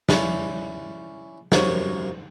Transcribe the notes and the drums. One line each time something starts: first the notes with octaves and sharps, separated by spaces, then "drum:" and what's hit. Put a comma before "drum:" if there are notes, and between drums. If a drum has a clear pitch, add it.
C#4 E4 D5, drum: snare
F#2 C3 A#4 C#5, drum: snare